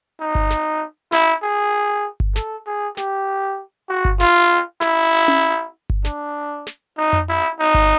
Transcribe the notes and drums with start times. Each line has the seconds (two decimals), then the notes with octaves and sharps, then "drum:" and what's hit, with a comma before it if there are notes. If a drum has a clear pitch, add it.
0.20 D#4
0.35 drum: kick G1
0.50 drum: snare
1.12 E4, drum: snare
1.43 G#4
2.20 drum: kick G1
2.36 A4, drum: snare
2.66 G#4
2.97 G4, drum: snare
3.89 F#4
4.05 drum: kick G1
4.20 F4, drum: snare
4.81 E4, drum: snare
5.28 drum: tom C#4
5.90 drum: kick G1
6.05 D4, drum: snare
6.67 drum: snare
6.97 D#4
7.13 drum: tom F2
7.29 E4
7.59 D#4
7.74 drum: kick G1